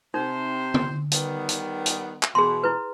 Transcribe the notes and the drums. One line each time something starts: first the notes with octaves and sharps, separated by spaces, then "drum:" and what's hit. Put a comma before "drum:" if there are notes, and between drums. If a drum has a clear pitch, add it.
C3 D#4 C5
drum: tom
D#3 G3 B3, drum: hi-hat
drum: hi-hat
drum: hi-hat
drum: clap
B2 E3 G#4 C6
E4 B4